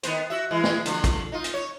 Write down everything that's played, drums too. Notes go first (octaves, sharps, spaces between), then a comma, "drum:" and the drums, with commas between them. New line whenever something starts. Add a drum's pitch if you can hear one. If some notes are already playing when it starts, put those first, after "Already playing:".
D#3 B3 C5, drum: hi-hat
F#4 E5
E3 G#3
drum: snare
D3 F3 F#4, drum: hi-hat
drum: kick, hi-hat
D#4 F4
drum: hi-hat
C#5